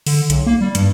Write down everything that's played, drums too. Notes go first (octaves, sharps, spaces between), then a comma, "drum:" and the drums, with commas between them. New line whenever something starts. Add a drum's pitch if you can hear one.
D3, drum: open hi-hat
B1, drum: hi-hat
A#3
G3
G2, drum: hi-hat